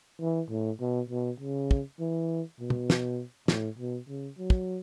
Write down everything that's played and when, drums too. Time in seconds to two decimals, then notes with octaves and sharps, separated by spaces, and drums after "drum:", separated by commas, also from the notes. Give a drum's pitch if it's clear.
0.20 E3
0.50 A2
0.80 B2
1.10 B2
1.40 C#3
1.71 drum: kick
2.00 E3
2.60 B2
2.70 drum: tom
2.90 drum: snare
3.48 A2, drum: snare
3.78 B2
4.09 C#3
4.38 F#3
4.50 drum: kick